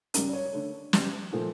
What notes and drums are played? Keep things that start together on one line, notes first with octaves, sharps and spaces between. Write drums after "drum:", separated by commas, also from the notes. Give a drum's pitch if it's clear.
C#3 G3 A#4, drum: hi-hat
D5
C#5
D3 A3
C#3 G3, drum: snare
A#2 F3 A3